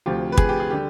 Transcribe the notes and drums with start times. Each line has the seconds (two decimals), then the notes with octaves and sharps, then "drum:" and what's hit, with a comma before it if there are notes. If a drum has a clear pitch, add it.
0.06 D2 C3 F3 G4
0.32 B4
0.37 G#4, drum: kick
0.49 G4
0.60 G#4
0.70 D3 G3 G4